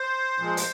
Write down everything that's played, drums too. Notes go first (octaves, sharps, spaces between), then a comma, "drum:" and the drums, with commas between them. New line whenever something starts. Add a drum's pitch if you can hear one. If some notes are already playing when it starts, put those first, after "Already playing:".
Already playing: C5
A#2 F3 G#3
drum: hi-hat